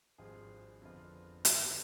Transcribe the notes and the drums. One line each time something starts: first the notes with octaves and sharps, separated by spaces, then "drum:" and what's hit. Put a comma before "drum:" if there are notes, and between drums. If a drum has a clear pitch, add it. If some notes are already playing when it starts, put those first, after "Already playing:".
G#1 G2 F3 C4 F4 G#4
F2 D3 F3 B3 F4
D#2 D3 G3 B3 F4, drum: hi-hat